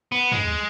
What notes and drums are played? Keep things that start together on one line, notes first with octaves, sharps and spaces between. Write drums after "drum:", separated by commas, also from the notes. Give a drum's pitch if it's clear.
B3
G#3, drum: tom